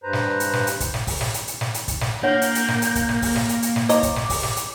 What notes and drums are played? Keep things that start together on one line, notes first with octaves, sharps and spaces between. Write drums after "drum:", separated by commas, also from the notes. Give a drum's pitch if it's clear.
G2 B4 C5 A#5
drum: snare
drum: hi-hat
drum: snare
drum: hi-hat
drum: kick, hi-hat
drum: snare
drum: kick, open hi-hat
drum: snare
drum: hi-hat
drum: hi-hat
drum: snare
drum: hi-hat
drum: kick, hi-hat
drum: snare
A#3 D4 C#5 F#5 G6
drum: hi-hat
drum: hi-hat
drum: snare
drum: hi-hat
drum: kick, hi-hat
drum: snare
drum: kick, open hi-hat
drum: snare
drum: hi-hat
drum: hi-hat
drum: snare
C#5 D#5 A#5 D6, drum: hi-hat
drum: kick, hi-hat
drum: snare
drum: kick, open hi-hat
drum: snare
drum: hi-hat